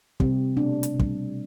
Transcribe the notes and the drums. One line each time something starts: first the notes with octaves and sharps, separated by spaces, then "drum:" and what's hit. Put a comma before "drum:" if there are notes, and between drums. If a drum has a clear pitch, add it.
C3 G3 C4, drum: kick
B2 A3 D4
drum: hi-hat
B2
G3, drum: kick